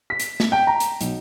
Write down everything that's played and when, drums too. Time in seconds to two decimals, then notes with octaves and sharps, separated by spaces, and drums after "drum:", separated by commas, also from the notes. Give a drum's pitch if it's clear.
0.10 B6
0.20 drum: hi-hat
0.40 drum: snare
0.52 G5
0.67 A#5
0.80 drum: hi-hat
1.01 B1, drum: hi-hat